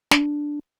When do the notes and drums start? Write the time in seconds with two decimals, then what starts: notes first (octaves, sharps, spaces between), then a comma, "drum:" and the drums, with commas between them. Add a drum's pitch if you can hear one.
0.11 D4, drum: snare